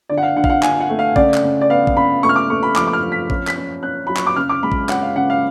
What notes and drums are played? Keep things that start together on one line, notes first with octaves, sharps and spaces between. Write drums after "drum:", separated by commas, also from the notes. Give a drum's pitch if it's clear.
D3 D5
F#5
F5
D3 F#5
F5, drum: kick A1
F#5
D3 G#5, drum: clap
F#5
A3
F5
C#3 D5, drum: kick A1
drum: clap
C#3
D5
B3 F5
drum: kick A1
C#3 B5
A3 C#6
F6
D6
A3 C#6
B5
F3 D6, drum: clap
D6
F6
F3
B6
C#4, drum: kick A1
B6, drum: clap
C#4
C#4 F#6
F#3 B5
C#6, drum: clap
D6
C#3 F6
D6
G#3 B5
drum: kick A1
C#4 F#5, drum: clap
F5
C#3 F#5
F5